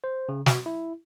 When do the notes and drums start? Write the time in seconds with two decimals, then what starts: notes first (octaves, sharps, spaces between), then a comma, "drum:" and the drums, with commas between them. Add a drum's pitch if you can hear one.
0.04 C5
0.29 C#3
0.46 F#4, drum: snare
0.66 E4